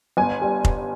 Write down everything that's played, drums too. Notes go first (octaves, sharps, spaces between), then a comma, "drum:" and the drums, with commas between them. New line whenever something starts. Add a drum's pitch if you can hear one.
G1 G#5
G3
drum: kick F1